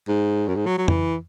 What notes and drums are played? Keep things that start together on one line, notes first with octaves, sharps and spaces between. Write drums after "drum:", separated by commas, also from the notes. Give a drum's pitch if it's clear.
G#2
F#2
G#2
F#3
F#3
E3, drum: tom F2